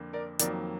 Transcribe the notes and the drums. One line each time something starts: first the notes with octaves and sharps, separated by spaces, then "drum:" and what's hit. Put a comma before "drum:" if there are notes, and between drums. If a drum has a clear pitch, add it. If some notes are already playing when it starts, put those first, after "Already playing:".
Already playing: F2 D3 A#3
A#4 D5
F2 D#3 F#3 A#3 A#4 D5, drum: hi-hat